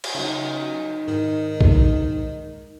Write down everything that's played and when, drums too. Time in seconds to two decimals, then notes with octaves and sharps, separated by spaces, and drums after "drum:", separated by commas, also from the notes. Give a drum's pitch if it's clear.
0.04 drum: cymbal
0.14 C#3 F#3 D#4
1.08 G#2 D#3
1.61 drum: kick